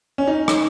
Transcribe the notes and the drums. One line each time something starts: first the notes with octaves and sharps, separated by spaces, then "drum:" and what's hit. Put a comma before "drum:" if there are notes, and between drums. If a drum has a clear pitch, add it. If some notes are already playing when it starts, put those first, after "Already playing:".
C#4
D#4
drum: rim click